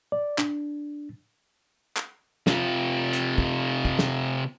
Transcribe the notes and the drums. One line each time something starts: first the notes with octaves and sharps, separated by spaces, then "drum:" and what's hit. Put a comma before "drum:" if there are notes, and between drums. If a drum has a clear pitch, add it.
D5
D4, drum: clap
drum: clap
C3 F4, drum: snare
drum: hi-hat
drum: kick
drum: kick
drum: snare